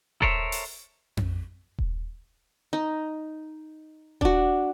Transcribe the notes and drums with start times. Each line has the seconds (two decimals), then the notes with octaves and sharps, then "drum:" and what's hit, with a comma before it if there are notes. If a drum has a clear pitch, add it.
0.22 A4 A#4 C5 C#5 E5, drum: kick D#1
0.52 drum: open hi-hat
1.17 drum: tom F2
1.79 drum: kick D#1
2.73 D#4
4.21 D4 F#4, drum: kick D#1